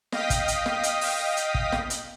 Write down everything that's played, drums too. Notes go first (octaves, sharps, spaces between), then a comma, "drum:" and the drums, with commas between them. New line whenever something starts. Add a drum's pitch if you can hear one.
D#5 F5 G5 D#6 B6, drum: snare
drum: kick, hi-hat
drum: hi-hat
drum: snare
drum: hi-hat
drum: open hi-hat
drum: hi-hat
drum: kick
drum: snare
drum: hi-hat